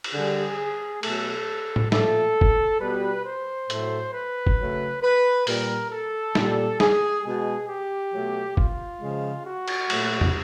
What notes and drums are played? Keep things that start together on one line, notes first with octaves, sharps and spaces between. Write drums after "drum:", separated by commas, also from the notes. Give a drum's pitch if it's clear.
drum: cymbal
D3 G3 G#4
B2 F#3 A3 A4, drum: cymbal
drum: tom A2
A#2 F3 A3 A4, drum: snare
drum: kick F#1
B2 G3 B4
C5
A2 F#3 A3, drum: hi-hat
B4
drum: kick F#1
C#3 F#3 A3
B4
A#2 G3 A#4, drum: open hi-hat
A4
A#2 G3, drum: snare
G#4, drum: snare
B2 G#3 G#4
G4
B2 F#3 A3
F4, drum: kick F#1
C#3 F3 G#3
F#4
drum: cymbal
A#2 F#3 A3, drum: cymbal
drum: tom